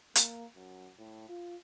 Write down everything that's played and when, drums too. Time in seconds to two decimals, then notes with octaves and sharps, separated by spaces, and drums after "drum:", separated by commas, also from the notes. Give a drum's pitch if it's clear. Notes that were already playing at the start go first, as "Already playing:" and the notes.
0.15 A#3, drum: hi-hat
0.55 F#2
0.98 A2
1.29 F4